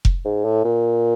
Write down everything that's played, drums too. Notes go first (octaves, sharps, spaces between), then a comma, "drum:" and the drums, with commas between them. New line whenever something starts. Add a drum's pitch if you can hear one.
drum: kick F1
G#2
A2
A#2